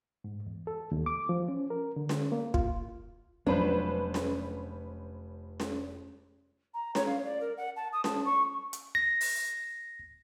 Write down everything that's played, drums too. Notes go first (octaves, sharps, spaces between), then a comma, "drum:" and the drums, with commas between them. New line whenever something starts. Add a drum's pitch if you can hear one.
G#2
E2
A4
D#2
D6
F3
C#4
A#4
D3
drum: snare C#4
A#3
F4, drum: kick
F1 F#3 G#3 C#4 D4 B4 C5 B5
drum: snare C#4
drum: snare C#4
A#5
C#5, drum: snare C#4
F5
D5
A#4
F#5
A5
D#6
A5, drum: snare C#4
C#6
drum: hi-hat
A#6
drum: open hi-hat